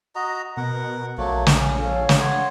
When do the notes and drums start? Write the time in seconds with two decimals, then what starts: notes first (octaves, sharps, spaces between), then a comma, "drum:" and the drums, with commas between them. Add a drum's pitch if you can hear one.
0.15 F#4 D#5 A#5
0.57 B2 A#4 F#5
1.18 A#1 F#3 A3 A#3
1.47 drum: snare
1.59 C#4
1.78 A4 C#5 F5
2.09 drum: snare
2.20 C#5 F#5 C6